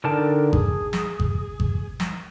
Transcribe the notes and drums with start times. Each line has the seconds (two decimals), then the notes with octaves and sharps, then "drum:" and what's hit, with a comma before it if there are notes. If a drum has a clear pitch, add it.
0.04 D3 D#4 A#4 D5 G5 A5
0.53 G#4, drum: kick G#1
0.93 drum: snare
1.20 drum: kick G#1
1.60 drum: kick G#1
2.00 drum: snare